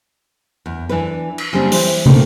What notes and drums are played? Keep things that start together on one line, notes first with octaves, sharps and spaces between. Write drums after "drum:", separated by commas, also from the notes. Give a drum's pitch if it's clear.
E2
E3 D4 B4
drum: cymbal
C#3 G3 A#3 C4 D4
E3 G3 C5, drum: open hi-hat
D#3 A3 A#3 C4, drum: tom